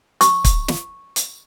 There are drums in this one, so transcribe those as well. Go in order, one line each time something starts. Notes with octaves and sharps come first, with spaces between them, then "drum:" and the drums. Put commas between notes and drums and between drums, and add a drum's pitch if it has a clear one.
C#6, drum: hi-hat
drum: kick, hi-hat
drum: snare
drum: hi-hat